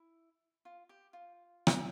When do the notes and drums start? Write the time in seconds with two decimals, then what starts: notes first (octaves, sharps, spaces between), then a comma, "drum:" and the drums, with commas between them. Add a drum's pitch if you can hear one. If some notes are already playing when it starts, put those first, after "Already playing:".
Already playing: E4
0.65 F4
0.89 G4
1.13 F4
1.67 drum: rim click